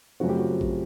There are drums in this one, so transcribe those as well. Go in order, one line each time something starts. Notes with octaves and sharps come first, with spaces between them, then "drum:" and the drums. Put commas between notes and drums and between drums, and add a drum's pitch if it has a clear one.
F#2 C#3 F3 A3 C4 F#4
G4
F#4
drum: kick A1